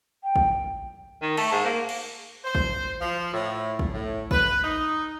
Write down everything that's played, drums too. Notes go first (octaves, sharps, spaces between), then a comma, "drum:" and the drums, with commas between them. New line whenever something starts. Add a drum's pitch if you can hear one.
G5
drum: kick
D#3
A3, drum: cymbal
G#2
A#3
drum: cymbal
C5
drum: kick
F3
A2
drum: kick
A2
B4, drum: kick
D#4